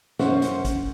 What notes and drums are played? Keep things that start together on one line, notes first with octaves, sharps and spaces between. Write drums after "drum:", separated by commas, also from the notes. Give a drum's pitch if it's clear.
F#2 C#4 C5 F#5, drum: snare
drum: hi-hat
drum: kick, hi-hat